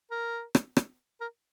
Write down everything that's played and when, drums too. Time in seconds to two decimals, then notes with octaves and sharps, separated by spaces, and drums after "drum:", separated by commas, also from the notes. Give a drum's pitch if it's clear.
0.11 A#4
0.55 drum: rim click
0.77 drum: rim click
1.20 A#4